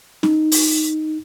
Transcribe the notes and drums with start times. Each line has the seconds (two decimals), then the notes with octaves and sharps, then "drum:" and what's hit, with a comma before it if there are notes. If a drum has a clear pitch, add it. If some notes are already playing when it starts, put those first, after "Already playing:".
0.23 D#4, drum: snare C#4
0.52 drum: open hi-hat